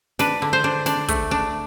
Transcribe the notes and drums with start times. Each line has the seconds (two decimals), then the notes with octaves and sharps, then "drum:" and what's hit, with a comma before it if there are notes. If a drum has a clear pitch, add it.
0.19 D4 B4, drum: snare
0.42 D3
0.53 C5
0.64 D4
0.86 D4 D5, drum: snare
1.08 A3, drum: kick, hi-hat
1.31 D4